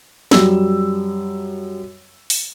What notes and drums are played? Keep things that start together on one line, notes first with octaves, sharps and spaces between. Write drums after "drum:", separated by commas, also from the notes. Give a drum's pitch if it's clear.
F#2 G3 E6, drum: snare
drum: open hi-hat